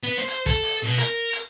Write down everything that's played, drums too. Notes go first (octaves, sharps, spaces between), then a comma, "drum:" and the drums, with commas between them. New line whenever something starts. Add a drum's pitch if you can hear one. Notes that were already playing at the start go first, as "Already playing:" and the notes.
B3
C5
drum: hi-hat
A4, drum: kick, hi-hat
drum: open hi-hat
B2
A#4, drum: hi-hat
drum: hi-hat